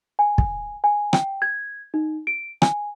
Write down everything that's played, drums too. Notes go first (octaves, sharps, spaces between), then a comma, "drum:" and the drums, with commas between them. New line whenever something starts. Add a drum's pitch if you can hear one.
G#5
drum: kick
G#5
G5, drum: rim click
G#6
D#4
D7
G#5, drum: rim click